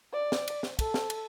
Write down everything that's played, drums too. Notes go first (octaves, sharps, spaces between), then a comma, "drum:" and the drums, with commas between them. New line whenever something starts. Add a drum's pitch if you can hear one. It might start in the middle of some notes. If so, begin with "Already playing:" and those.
D5
drum: snare
drum: cymbal
drum: snare
A4, drum: kick, cymbal
drum: snare
drum: cymbal